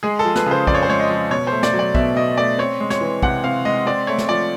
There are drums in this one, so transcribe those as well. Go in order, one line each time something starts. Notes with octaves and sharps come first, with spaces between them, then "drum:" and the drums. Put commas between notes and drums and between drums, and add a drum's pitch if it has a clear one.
G#3 G#4
A4
F3
B4, drum: snare
C#3
C5
F2 D5, drum: kick
C#5
C5
G#3 C#5
D#5
F3
B2 C#5
A3 C5
D5, drum: snare
F#3
D5
B2 E5, drum: kick
B2 D#5
A3 D5
C4 C#5
G#3
C#5, drum: snare
E3
C3 F#5, drum: kick
C4 F5
G#3 D#5
C4 D5
A3 C#5
drum: snare
F3 D5